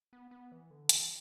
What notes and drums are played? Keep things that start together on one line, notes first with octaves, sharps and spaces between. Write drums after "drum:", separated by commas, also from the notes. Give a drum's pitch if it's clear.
B3
B3
E3
D3
E3, drum: hi-hat